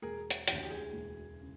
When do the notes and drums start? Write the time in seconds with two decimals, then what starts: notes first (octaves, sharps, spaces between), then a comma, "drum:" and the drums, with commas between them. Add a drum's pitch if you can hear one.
0.02 E1 G#4 A#4
0.30 drum: hi-hat
0.48 D2 C#3 E3 G4, drum: hi-hat
0.63 G4
0.70 G#4
0.93 E1
1.41 C#3